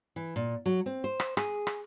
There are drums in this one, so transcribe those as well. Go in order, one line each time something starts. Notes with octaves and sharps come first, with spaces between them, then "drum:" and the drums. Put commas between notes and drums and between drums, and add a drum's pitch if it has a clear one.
E3
A#2
F#3
C4
C5
drum: rim click
G#4, drum: rim click
drum: rim click